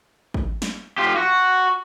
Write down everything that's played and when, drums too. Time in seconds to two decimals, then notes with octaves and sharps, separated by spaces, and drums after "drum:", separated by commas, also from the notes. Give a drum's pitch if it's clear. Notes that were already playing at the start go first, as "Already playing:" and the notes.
0.34 drum: kick
0.62 drum: snare
0.98 F4 G4
1.17 F#4